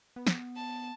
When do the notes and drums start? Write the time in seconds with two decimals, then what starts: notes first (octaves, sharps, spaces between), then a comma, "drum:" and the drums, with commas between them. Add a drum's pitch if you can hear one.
0.16 B3
0.27 drum: snare
0.56 A5